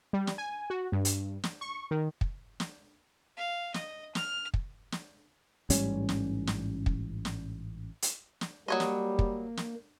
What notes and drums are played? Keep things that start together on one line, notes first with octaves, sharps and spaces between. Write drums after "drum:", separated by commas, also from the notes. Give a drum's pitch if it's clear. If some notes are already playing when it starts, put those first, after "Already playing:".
G3
drum: snare
G#5
F#4
G2
drum: hi-hat
drum: snare
C#6
D#3
drum: kick
drum: snare
F5
D#5, drum: snare
F6, drum: snare
drum: kick
drum: snare
A1 G#2 G3 C#4, drum: hi-hat
drum: snare
drum: snare
drum: kick
drum: snare
drum: hi-hat
drum: snare
F#3 G3 A#3 C#5 D#5
drum: snare
drum: kick
drum: snare